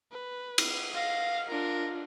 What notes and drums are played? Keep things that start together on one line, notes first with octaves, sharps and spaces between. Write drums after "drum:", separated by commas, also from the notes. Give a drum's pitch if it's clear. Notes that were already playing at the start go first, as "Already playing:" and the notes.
B4
drum: cymbal
F5 A#6
D4 F4 A#4